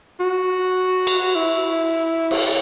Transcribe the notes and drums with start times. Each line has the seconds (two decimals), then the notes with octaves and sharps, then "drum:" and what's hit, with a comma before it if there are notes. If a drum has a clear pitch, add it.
0.20 F#4
1.07 drum: cymbal
1.35 E4
2.31 drum: cymbal